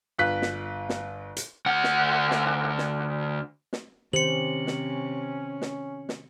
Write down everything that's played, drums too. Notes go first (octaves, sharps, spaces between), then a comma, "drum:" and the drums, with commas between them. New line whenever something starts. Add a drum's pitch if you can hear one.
G1 F4 F#6 B6
drum: snare
drum: snare
drum: hi-hat
D2 F#5
drum: snare
drum: snare
drum: snare
drum: snare
C3 D#3 C#4 G4 C5 C#7 F#7
drum: snare
drum: snare
drum: snare